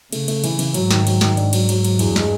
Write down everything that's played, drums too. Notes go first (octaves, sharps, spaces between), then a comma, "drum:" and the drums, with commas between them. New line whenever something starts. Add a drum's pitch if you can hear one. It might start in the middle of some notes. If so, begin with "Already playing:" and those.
C#3 A3, drum: cymbal
A3, drum: cymbal
E3, drum: cymbal
E3, drum: cymbal
G#2 F#3, drum: cymbal
D#3, drum: snare
F#3, drum: cymbal
D#3, drum: snare
G#2 D4, drum: cymbal
F#3, drum: cymbal
F#3, drum: cymbal
F#3, drum: cymbal
E2 G2, drum: cymbal
G#3, drum: snare